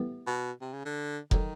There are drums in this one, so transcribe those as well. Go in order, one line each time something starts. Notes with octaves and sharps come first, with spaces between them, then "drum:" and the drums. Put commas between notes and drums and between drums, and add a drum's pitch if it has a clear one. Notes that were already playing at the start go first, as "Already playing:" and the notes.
Already playing: A2 E3 G3 B3
B2
C3
C#3
D3
D3 D#3 F#3, drum: kick F1